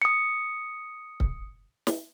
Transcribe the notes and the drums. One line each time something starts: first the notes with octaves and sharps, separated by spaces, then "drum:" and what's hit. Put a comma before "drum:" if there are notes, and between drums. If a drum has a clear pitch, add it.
D#6 C#7
drum: kick C#1
drum: snare